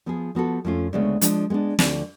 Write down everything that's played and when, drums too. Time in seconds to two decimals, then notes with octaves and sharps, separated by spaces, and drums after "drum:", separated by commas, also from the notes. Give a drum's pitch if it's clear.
0.06 F3 B3 F4 G#4
0.35 F3 B3 F#4 A4
0.65 F2 F3 A3 C#4 F4
0.93 D2 C#3 G#3 B3
1.21 F3 G#3 D4, drum: hi-hat
1.50 G#3 B3 D4
1.79 D2 D3 F3, drum: snare